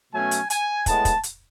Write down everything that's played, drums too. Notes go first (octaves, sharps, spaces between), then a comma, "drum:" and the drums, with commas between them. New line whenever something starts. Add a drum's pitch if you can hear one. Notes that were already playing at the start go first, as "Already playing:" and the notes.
B2 F#3 A3 C#4 G#5
drum: hi-hat
G#5, drum: hi-hat
A2 G#3 B3 A5, drum: kick, hi-hat
drum: kick, hi-hat
drum: hi-hat